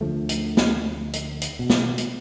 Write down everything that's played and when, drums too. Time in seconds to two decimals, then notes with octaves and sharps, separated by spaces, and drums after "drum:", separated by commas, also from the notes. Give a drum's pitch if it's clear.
0.01 D2 D3 F3 A3
0.29 drum: hi-hat
0.57 drum: snare
1.13 drum: hi-hat
1.41 drum: hi-hat
1.59 B2
1.70 drum: snare
1.98 drum: hi-hat